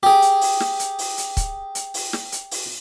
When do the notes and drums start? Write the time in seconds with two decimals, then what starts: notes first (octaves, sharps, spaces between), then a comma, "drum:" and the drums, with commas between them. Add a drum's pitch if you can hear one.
0.03 G4 G#4
0.22 drum: hi-hat
0.41 drum: open hi-hat
0.60 drum: snare
0.79 drum: hi-hat
0.99 drum: open hi-hat
1.18 drum: hi-hat
1.37 drum: kick, hi-hat
1.75 drum: hi-hat
1.94 drum: open hi-hat
2.13 drum: snare
2.32 drum: hi-hat
2.51 drum: open hi-hat